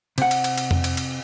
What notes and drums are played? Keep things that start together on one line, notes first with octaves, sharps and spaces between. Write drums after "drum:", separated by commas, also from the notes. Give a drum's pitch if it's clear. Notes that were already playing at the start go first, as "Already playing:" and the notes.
C3 F#5, drum: cymbal
drum: cymbal
drum: cymbal
drum: cymbal
drum: tom F2
drum: cymbal
drum: cymbal